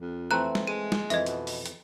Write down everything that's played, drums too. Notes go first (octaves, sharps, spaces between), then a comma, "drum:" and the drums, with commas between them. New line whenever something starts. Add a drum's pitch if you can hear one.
F2
E3 A3 C4 A#5 F#6
drum: snare
G#3 D#7
drum: snare
F2 E3 D#5 E5, drum: hi-hat
B2, drum: hi-hat
drum: open hi-hat
drum: hi-hat